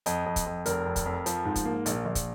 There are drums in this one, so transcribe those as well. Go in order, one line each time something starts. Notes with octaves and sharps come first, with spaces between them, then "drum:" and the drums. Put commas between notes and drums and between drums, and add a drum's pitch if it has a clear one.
F2 D#5, drum: hi-hat
F2
drum: kick, hi-hat
F2
F1 A#4, drum: hi-hat
F2
drum: kick, hi-hat
F2
F3, drum: hi-hat
G#2
drum: kick, hi-hat
A#3
A#1, drum: hi-hat
A#1
drum: kick, hi-hat